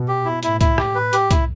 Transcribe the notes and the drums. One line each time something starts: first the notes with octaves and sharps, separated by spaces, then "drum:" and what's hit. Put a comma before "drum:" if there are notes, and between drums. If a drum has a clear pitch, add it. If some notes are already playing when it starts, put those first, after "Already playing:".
Already playing: B2
G4
E4
A2 E4, drum: hi-hat
E4, drum: kick, hi-hat
G4, drum: rim click
A2 B4
G4, drum: hi-hat
E4, drum: kick, hi-hat